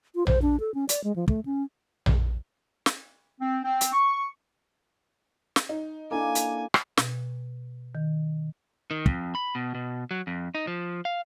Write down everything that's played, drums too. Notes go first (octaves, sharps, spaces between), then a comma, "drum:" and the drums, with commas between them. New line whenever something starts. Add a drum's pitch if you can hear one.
F4
C5, drum: tom A#1
D4
A4
C#4
D5, drum: hi-hat
G#3
F3
A3, drum: kick
C#4
drum: tom A#1
drum: snare
C4
C4
drum: hi-hat
C#6
drum: snare
D#4
A#3 D4 E4 A4 G#5
drum: hi-hat
drum: rim click
B2, drum: snare
D#3
D#3
F2, drum: kick
B5
B2
B2
F#3
F2
D#4
F3
F5